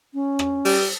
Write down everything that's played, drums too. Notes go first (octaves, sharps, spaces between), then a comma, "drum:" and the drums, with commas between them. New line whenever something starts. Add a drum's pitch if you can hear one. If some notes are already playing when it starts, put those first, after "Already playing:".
C#4
drum: rim click
G3, drum: open hi-hat